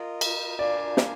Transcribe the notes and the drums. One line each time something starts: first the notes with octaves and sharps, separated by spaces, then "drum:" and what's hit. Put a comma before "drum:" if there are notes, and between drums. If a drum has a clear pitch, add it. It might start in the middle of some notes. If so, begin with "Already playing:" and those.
Already playing: F4 A#4 D#5
drum: cymbal
D4 F4 A#4 D5 F5 G#5
drum: snare